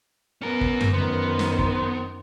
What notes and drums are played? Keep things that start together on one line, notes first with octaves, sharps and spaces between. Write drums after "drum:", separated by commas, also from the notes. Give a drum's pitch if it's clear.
B3 C#4 A#4
drum: kick
drum: tom F#2
F#2 D#3 B3 C5
drum: snare
drum: kick